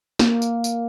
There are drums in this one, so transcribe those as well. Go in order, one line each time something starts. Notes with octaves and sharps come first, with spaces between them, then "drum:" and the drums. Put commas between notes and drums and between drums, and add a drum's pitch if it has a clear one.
A#3, drum: snare
drum: tambourine
drum: tambourine